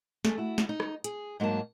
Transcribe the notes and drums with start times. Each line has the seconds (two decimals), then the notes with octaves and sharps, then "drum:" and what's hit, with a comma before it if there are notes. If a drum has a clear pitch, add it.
0.25 A3 G#4, drum: snare
0.38 E4 F#4
0.58 drum: snare
0.69 D#4
0.80 drum: rim click
1.04 G#4, drum: hi-hat
1.40 G#2 F#3 A#3 D#4 A5